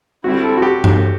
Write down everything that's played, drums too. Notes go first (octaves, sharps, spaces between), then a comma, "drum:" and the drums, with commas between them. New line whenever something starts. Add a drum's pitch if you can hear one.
D3 G3 C4 E4 F#4
A4
F#4
G4
drum: tom G2